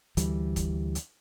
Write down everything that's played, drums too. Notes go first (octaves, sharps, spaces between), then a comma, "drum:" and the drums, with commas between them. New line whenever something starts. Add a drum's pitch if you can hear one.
D2 E3 G3, drum: hi-hat
drum: kick F1, hi-hat
drum: hi-hat